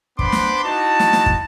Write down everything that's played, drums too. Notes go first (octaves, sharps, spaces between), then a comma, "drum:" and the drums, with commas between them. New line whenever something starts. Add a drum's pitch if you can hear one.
B3 D4 C5 B5 C6 D6, drum: kick
drum: snare
D#4 E4 F#4 A5
drum: snare
drum: snare
drum: kick